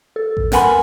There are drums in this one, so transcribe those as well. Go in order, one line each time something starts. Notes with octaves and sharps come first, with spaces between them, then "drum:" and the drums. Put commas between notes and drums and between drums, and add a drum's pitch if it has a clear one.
A4
drum: kick A1
A#4 B4 F#5 G#5 B5 C6, drum: snare